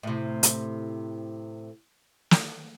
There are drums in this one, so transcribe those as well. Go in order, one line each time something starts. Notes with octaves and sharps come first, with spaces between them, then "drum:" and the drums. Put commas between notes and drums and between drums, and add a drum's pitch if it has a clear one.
A2 C3
drum: hi-hat
drum: snare